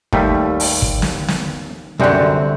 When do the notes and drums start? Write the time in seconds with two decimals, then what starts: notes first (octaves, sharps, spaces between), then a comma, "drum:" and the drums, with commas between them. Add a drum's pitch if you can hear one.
0.13 D#2 G3 A3, drum: kick
0.60 drum: open hi-hat
0.82 drum: kick
1.02 drum: snare
1.28 drum: snare
2.00 C2 F#2 D3 C4 F#4